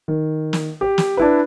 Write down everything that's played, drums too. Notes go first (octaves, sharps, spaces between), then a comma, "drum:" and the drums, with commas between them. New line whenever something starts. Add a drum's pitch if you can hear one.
D#3
drum: snare
G4
drum: snare
D4 E4 B4